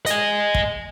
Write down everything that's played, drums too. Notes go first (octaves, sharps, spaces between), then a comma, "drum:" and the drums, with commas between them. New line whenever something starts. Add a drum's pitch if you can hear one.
D#5 G#5, drum: hi-hat
drum: kick